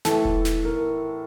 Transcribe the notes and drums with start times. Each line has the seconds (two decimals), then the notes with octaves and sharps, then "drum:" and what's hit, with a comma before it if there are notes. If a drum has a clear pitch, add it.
0.05 A2 E3 A4, drum: snare
0.25 drum: kick E1
0.45 drum: snare
0.65 A#4